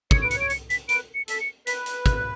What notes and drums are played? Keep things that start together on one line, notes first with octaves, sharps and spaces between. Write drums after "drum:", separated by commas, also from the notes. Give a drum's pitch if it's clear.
C#5 C#7, drum: kick
B4 D7
C#7, drum: hi-hat
C#5 D7
C#7, drum: hi-hat
B6, drum: hi-hat
B4 D7, drum: hi-hat
C#7
A4 B6, drum: hi-hat
C#7
B4 B6, drum: hi-hat
drum: hi-hat
F#6, drum: kick, hi-hat
F#6